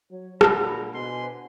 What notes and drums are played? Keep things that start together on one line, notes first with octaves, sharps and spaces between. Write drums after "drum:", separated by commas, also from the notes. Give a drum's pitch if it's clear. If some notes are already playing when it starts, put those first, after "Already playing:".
F#3 C#5
A#2 D3 E4 A#5 B5, drum: rim click
B2 B4 C5 G#5 C6